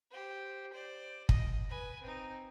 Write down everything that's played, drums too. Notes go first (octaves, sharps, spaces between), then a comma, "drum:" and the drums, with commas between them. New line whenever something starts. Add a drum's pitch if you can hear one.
G4 C5
C5 D5
D#5, drum: kick
B4 G#5
C4 D#4